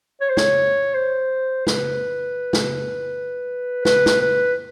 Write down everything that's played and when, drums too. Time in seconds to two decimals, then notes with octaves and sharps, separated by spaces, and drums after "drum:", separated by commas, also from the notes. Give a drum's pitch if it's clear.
0.21 C#5
0.29 C5
0.37 C#5, drum: snare
0.94 C5
1.67 B4, drum: snare
2.53 drum: snare
3.85 B4, drum: snare
4.06 drum: snare
4.21 B4